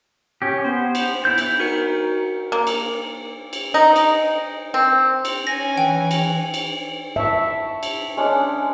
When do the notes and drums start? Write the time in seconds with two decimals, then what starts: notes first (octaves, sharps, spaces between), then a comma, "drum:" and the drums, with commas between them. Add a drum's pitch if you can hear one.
0.42 C#4 G4
0.65 B3 C5
0.95 drum: cymbal
1.25 E4 G6
1.38 drum: cymbal
1.59 D#4 F#4 A#4 C#7
2.52 A#3
2.67 drum: cymbal
3.53 drum: cymbal
3.74 D#4
3.96 drum: cymbal
4.74 C4
5.25 drum: cymbal
5.47 C#4 G#5 A#6
5.78 E3 G5
6.11 drum: cymbal
6.54 drum: cymbal
7.16 E5 A5 C#6
7.83 drum: cymbal
8.17 G#3 C#4 D4